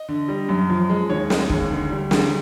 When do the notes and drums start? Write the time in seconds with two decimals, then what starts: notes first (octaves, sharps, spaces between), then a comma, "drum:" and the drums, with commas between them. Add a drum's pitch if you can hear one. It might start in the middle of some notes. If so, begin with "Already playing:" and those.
Already playing: D#5
0.08 D3
0.28 G3
0.49 F#2
0.70 F3
0.89 G#3
1.10 D#2 C#5
1.30 G#3, drum: snare
1.50 D#2, drum: kick
1.71 D2
1.90 G3
2.11 D2, drum: snare